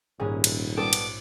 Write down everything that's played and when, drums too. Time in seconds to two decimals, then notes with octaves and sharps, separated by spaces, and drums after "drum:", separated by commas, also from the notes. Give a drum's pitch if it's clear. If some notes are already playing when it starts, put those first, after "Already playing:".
0.20 D#1 A#1 G#2 C#4 G#4
0.44 drum: cymbal
0.77 G3 B3 A4 D6
0.93 drum: cymbal